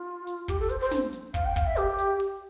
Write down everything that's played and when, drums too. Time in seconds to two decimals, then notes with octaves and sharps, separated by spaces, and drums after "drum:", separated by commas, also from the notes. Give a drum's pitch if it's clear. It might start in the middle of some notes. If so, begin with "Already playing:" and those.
Already playing: F4
0.27 drum: hi-hat
0.48 G4, drum: kick, hi-hat
0.60 A4
0.69 C5, drum: hi-hat
0.80 C5
0.91 drum: snare
1.13 drum: hi-hat
1.34 F5, drum: kick, hi-hat
1.45 G5
1.56 F5, drum: kick, hi-hat
1.67 E5
1.77 G4, drum: hi-hat
1.98 drum: hi-hat
2.20 drum: open hi-hat